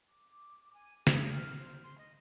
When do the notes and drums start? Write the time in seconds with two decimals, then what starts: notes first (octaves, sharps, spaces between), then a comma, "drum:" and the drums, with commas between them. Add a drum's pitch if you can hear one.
0.09 D6
0.73 G#5
1.07 G#4, drum: snare
1.29 F6
1.60 C5
1.83 C6
1.98 D#5